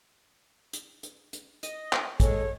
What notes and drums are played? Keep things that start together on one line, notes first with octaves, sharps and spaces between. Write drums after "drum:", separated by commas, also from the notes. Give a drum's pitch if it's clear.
drum: hi-hat
drum: hi-hat
drum: hi-hat
D#5, drum: hi-hat
drum: clap
G#3 A4 C#5, drum: kick, hi-hat